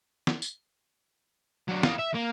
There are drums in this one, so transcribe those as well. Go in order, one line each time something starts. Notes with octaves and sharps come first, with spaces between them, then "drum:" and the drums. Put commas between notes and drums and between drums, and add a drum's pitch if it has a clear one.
drum: snare
drum: tambourine
F#3 D4
F4 D#5, drum: snare
E5
A#3